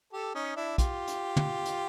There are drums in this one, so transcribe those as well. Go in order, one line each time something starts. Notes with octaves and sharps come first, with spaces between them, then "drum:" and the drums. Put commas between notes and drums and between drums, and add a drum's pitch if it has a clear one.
G4 A4
C#4 D#4
D4 E4
F4 G4, drum: kick, hi-hat
drum: hi-hat
drum: tom
drum: hi-hat